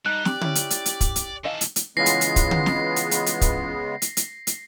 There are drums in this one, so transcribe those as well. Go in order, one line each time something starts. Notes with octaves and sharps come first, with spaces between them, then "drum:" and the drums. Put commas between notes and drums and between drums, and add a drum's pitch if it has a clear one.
G3 D#4 A5 F#6
G4 D5, drum: snare
C#4 E4, drum: tom D3
drum: hi-hat
drum: hi-hat
drum: hi-hat
drum: kick, hi-hat
drum: hi-hat
D#3 E3 A4 D#5 F5
drum: hi-hat
drum: hi-hat
C#3 E3 G#3 B3 C#4 F4 A#6 C7
drum: hi-hat
drum: hi-hat
drum: kick, hi-hat
drum: tom D3
drum: snare
drum: hi-hat
drum: hi-hat
drum: hi-hat
drum: kick, hi-hat
drum: hi-hat
drum: hi-hat
drum: hi-hat